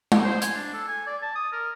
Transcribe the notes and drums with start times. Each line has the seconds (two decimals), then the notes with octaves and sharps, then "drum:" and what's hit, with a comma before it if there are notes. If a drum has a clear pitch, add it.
0.12 drum: tom
0.24 C5
0.42 G#5, drum: hi-hat
0.55 D4
0.74 A4
0.88 G#5
1.07 D5
1.22 A5
1.35 D#6
1.52 A#4